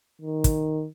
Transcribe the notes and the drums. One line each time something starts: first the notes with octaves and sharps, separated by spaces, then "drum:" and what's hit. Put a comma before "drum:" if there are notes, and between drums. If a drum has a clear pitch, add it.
D#3
drum: kick, hi-hat